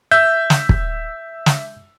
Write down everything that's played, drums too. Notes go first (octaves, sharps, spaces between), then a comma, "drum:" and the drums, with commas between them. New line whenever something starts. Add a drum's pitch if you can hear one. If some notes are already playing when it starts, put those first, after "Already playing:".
E5 E6 G6
drum: snare
drum: kick
drum: snare